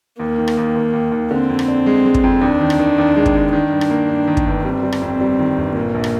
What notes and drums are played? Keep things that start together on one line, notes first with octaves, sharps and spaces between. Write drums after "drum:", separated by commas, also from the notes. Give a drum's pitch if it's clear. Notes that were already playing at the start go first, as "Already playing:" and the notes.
D#2 A#3
D#3
drum: rim click
D#2
D#2
D#2
D#2
D3 C4
F2
drum: rim click
D4
G#3
G#3
drum: kick
F2
D#2 D4
D#3
drum: rim click
D#3
D#2
G#3
drum: kick
D#2
D#3 D4
G2
drum: rim click
A#3
G2
D#3
drum: kick
G1
G3 C4
G3
drum: rim click
F2
G3
D#3
G1
A#2 A#3
A#1
drum: rim click